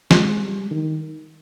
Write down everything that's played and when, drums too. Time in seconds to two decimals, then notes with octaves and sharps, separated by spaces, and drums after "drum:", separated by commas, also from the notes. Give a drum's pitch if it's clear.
0.11 G#3, drum: snare
0.41 G3
0.71 D#3